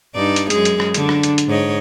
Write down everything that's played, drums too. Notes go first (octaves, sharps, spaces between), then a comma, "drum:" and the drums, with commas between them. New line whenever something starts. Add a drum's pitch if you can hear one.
G2 D#4 D5
drum: hi-hat
F#2 G#3 G#4, drum: hi-hat
drum: hi-hat
drum: rim click
D3 D4, drum: hi-hat
drum: rim click
drum: hi-hat
drum: hi-hat
G#2 C#5 D#5